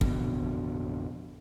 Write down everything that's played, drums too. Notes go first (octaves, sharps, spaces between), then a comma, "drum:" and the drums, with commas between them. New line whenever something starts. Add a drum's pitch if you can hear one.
A1 F2 B2 D3, drum: kick